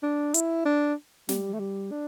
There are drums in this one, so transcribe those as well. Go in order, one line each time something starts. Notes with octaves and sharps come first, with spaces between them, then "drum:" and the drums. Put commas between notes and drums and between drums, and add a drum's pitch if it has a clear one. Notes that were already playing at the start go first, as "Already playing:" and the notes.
D4
E4, drum: hi-hat
D4
G3, drum: snare
A3
G3
D4